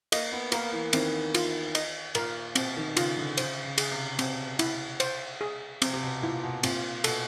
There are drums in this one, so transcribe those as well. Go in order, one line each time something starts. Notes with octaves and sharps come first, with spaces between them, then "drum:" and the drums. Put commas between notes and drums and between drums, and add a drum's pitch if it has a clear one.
A#3 D#5, drum: cymbal
B3
A#3 A#4, drum: cymbal
E3
D#3 C4, drum: cymbal
F4, drum: cymbal
D#5, drum: cymbal
A#2 A#4, drum: cymbal
B2 C4, drum: cymbal
D#3
C#3 F4, drum: cymbal
D3
C#3 C5, drum: cymbal
C#3
G#4, drum: cymbal
C3
B2 C4, drum: cymbal
E4, drum: cymbal
C5, drum: cymbal
G#4
C3 C4, drum: cymbal
C3
B2
A#2 E4
B2
A#2 C4, drum: cymbal
B2 A4, drum: cymbal